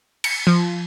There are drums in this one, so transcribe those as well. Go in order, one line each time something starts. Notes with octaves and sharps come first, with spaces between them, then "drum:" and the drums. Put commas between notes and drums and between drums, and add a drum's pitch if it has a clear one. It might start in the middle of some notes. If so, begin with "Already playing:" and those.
C#7, drum: cymbal
F3